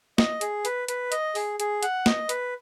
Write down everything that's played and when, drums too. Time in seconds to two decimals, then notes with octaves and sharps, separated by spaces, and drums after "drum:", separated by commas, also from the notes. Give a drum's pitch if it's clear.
0.18 D#5, drum: snare
0.41 G#4, drum: hi-hat
0.65 B4, drum: hi-hat
0.88 B4, drum: hi-hat
1.12 D#5, drum: hi-hat
1.35 G#4, drum: open hi-hat
1.60 G#4, drum: hi-hat
1.83 F#5, drum: hi-hat
2.06 D#5, drum: snare
2.29 B4, drum: hi-hat